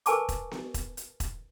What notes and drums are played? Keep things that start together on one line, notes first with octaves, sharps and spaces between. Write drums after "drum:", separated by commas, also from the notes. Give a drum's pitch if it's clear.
A#4 B4 G#5 A5 C#6 D6, drum: hi-hat
drum: kick E1, hi-hat
drum: snare B3
drum: kick E1, hi-hat
drum: hi-hat
drum: kick E1, hi-hat